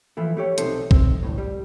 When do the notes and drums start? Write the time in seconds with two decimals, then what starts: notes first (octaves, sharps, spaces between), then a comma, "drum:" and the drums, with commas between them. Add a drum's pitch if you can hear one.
0.17 E3 F3 A3 E4
0.37 A3 G4 C#5
0.58 B1 C3 D#4 A4 C5, drum: hi-hat
0.91 C4, drum: kick A#1
1.23 D2 A2
1.38 G3